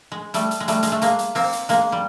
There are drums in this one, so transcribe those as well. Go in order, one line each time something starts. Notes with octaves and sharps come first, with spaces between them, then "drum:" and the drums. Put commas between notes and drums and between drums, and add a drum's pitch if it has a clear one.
G#3
G3 A3, drum: hi-hat
drum: hi-hat
G#3
G3 A3, drum: hi-hat
G#3, drum: hi-hat
A3
G#3 A#3, drum: hi-hat
drum: hi-hat
A#3 C4, drum: open hi-hat
drum: hi-hat
G#3 A#3, drum: hi-hat
G3